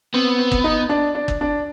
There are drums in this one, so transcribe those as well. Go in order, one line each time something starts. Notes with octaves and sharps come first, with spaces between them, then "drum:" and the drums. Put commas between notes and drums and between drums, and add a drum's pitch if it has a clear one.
B3 C4
C4
drum: kick
D#4
D4
D4
drum: kick
D4